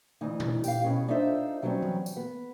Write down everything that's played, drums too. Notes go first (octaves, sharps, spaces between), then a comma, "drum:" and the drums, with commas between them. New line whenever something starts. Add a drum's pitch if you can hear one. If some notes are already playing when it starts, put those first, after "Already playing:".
D2 E3 D#4
drum: tom A#2
G4 F5, drum: tambourine
B2 B3 C#4
D4 D#4 F4 A4 C5 E5
C3 F#3 G3 B3 C#4
drum: tom E3
drum: tambourine
B3